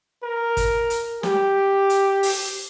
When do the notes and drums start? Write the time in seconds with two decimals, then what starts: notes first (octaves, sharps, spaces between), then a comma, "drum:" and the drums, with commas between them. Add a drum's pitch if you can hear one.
0.23 A#4
0.57 drum: kick, hi-hat
0.90 drum: hi-hat
1.23 G4, drum: snare
1.90 drum: hi-hat
2.23 drum: open hi-hat